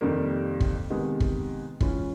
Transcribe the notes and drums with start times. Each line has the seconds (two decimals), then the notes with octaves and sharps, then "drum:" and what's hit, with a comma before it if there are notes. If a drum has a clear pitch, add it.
0.01 F2 C3 D#3 G3 A#3
0.60 drum: kick
0.90 C3 D#3 G#3 B3
1.20 drum: kick
1.81 E3 G#3 C#4 F4, drum: kick